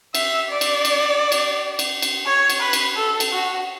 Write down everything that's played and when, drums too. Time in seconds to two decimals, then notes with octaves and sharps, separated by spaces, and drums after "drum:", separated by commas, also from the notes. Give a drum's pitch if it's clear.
0.15 E5, drum: cymbal
0.49 D5
0.61 drum: cymbal
0.85 drum: cymbal
1.32 drum: cymbal
1.79 drum: cymbal
2.02 drum: cymbal
2.26 C#5
2.50 drum: cymbal
2.61 B4
2.73 drum: cymbal
2.96 A4
3.20 drum: cymbal
3.32 F#4